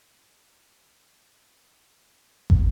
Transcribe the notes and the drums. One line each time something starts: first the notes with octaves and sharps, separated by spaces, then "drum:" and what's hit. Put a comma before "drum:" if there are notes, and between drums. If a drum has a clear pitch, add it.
C#6 F6 A6 B6 C#7 F7
drum: kick